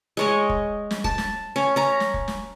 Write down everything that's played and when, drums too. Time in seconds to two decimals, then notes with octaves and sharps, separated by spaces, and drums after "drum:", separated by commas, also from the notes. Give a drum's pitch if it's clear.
0.17 G#3 C#5 D#5
0.49 drum: kick
0.91 drum: snare
1.04 A5, drum: kick
1.18 drum: snare
1.56 C#4
1.76 C#4 A#5
2.00 drum: snare
2.14 drum: kick
2.28 drum: snare